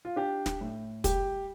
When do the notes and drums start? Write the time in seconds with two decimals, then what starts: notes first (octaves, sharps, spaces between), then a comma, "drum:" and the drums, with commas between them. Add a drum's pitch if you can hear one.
0.05 F4
0.16 D4 G4
0.46 drum: snare
0.61 A2
1.04 G3 G4, drum: kick, hi-hat